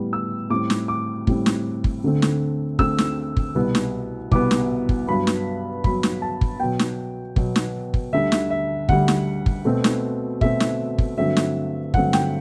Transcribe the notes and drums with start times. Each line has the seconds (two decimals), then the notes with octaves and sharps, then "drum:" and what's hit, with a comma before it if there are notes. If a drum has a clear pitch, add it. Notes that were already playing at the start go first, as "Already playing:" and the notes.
Already playing: A2 G3 B3
0.13 E6
0.50 A2 G3 C4 D6
0.70 drum: snare
0.88 D6
1.27 A2 G3 C4, drum: kick
1.46 drum: snare
1.84 drum: kick
2.04 D2 D3 A3 C4
2.22 drum: snare
2.79 D2 D3 A3 C4 E6, drum: kick
2.98 drum: snare
3.37 drum: kick
3.55 C2 B2 G3 B3
3.75 drum: snare
4.31 C2 B2 G3 B3 D6, drum: kick
4.51 drum: snare
4.89 drum: kick
5.07 G2 F#3 B3 B5
5.27 drum: snare
5.84 G2 F#3 B3 B5, drum: kick
6.03 drum: snare
6.22 A5
6.41 drum: kick
6.60 B2 F#3 B3 G5
6.79 drum: snare
7.36 B2 F#3 B3, drum: kick
7.56 drum: snare
7.94 drum: kick
8.12 D2 D3 G3 E5
8.32 drum: snare
8.50 E5
8.89 D2 D3 G3 F#5, drum: kick
9.08 drum: snare
9.46 drum: kick
9.65 B2 A3 C4
9.84 drum: snare
10.41 B2 A3 C4 E5, drum: kick
10.60 drum: snare
10.98 drum: kick
11.18 G2 D3 F#3 A3 C4 E5
11.37 drum: snare
11.94 G2 D3 F#3 A3 C4 F#5, drum: kick
12.13 G5, drum: snare